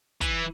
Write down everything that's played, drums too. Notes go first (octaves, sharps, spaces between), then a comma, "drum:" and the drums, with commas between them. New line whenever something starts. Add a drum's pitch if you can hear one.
E3, drum: kick, hi-hat